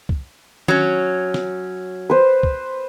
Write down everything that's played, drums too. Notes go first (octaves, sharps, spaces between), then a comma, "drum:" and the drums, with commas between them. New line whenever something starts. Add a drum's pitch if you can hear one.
drum: kick
F#3 C#4, drum: tom D#3
drum: snare
B4 C5
drum: kick